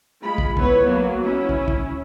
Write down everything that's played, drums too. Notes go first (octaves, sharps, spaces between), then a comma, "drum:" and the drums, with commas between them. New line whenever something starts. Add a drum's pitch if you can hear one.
G#3 F4 B5
drum: kick
B3 E4 B4 C#5, drum: kick
F#3 A#3 B3
C#4 E4
drum: kick
drum: kick